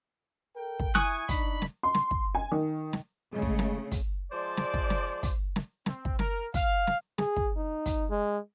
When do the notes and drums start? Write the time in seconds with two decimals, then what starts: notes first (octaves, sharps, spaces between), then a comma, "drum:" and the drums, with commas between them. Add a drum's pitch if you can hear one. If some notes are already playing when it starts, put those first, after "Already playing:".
0.56 A4 A#4 G5
0.80 drum: kick
0.95 E4 G#5 C#6 D#6 F#6, drum: snare
1.29 D4 D#4 B5, drum: kick, hi-hat
1.62 drum: snare
1.83 C6
1.94 drum: snare
2.11 drum: kick
2.35 G#5
2.52 D#3
2.93 drum: snare
3.33 C#3 G#3 A3
3.42 drum: kick
3.59 drum: snare
3.92 drum: kick, hi-hat
4.32 F3 G#3 C5 D5
4.57 drum: snare
4.74 drum: kick
4.90 drum: snare
5.23 drum: kick, hi-hat
5.56 drum: snare
5.86 C4, drum: snare
6.05 drum: kick
6.19 A#4, drum: snare
6.54 F5, drum: kick, hi-hat
6.87 drum: snare
7.18 G#4, drum: snare
7.36 drum: kick
7.57 D#4
7.86 drum: kick, hi-hat
8.10 G#3